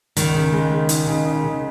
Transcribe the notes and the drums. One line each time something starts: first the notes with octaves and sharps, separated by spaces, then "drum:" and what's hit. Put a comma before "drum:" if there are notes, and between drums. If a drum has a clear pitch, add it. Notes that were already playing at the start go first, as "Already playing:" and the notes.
C#2 D#3, drum: hi-hat
C#3
G#3
G#3
D#4, drum: hi-hat
C#3
D#4
C#3